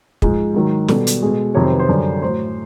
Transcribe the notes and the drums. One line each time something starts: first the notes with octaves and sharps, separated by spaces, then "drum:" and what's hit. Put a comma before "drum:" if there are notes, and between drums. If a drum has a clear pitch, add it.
G#2 F3 G#3, drum: kick
G#2 D#3 F#3
B2 G3 A4, drum: snare
drum: hi-hat
B2 G#3
F2 C3 D#3 F#3 C#5
C5
B4
C5
F#2 D3 G3
A2 F#3 C5